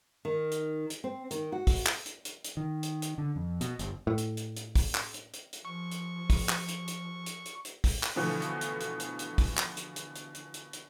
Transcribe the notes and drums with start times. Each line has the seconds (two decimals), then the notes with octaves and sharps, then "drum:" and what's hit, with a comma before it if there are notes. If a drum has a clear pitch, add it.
0.25 D#3
0.51 drum: hi-hat
0.90 drum: hi-hat
1.04 C4
1.31 D#3, drum: hi-hat
1.52 F#4
1.67 drum: kick, open hi-hat
1.86 drum: clap
2.06 drum: hi-hat
2.25 drum: hi-hat
2.44 drum: hi-hat
2.57 D#3
2.83 drum: hi-hat
3.02 drum: hi-hat
3.18 D3
3.36 F2
3.61 B2, drum: hi-hat
3.79 G1, drum: hi-hat
4.07 A2
4.18 drum: hi-hat
4.37 drum: hi-hat
4.56 drum: hi-hat
4.75 drum: kick, open hi-hat
4.95 drum: clap
5.14 drum: hi-hat
5.33 drum: hi-hat
5.53 drum: hi-hat
5.65 F3 C#6
5.91 drum: hi-hat
6.30 drum: kick, open hi-hat
6.49 drum: clap
6.68 drum: hi-hat
6.88 drum: hi-hat
7.26 drum: hi-hat
7.45 drum: hi-hat
7.65 drum: hi-hat
7.84 drum: kick, open hi-hat
8.03 drum: clap
8.16 B2 D3 E3 F3 A3 B3
8.42 drum: hi-hat
8.61 drum: hi-hat
8.80 drum: hi-hat
9.00 drum: hi-hat
9.19 drum: hi-hat
9.38 drum: kick, open hi-hat
9.57 drum: clap
9.77 drum: hi-hat
9.96 drum: hi-hat
10.15 drum: hi-hat
10.34 drum: hi-hat
10.54 drum: hi-hat
10.73 drum: hi-hat